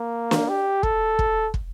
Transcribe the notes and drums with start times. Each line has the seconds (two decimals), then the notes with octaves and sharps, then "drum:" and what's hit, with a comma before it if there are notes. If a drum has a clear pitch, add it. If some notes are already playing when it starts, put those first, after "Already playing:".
Already playing: A#3
0.31 drum: snare
0.49 G4
0.83 A4, drum: kick
1.19 drum: kick
1.54 drum: kick